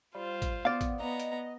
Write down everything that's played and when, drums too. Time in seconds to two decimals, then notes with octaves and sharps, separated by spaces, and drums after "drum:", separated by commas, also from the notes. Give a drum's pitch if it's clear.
0.15 G3 F4 C5
0.42 drum: kick, hi-hat
0.65 B3 D5 F5
0.81 drum: kick, hi-hat
1.00 B3 D#5 A#5
1.20 drum: hi-hat